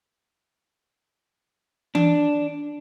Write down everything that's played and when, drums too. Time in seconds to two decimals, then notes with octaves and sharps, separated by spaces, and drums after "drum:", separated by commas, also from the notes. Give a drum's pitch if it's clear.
1.95 D4, drum: tom E3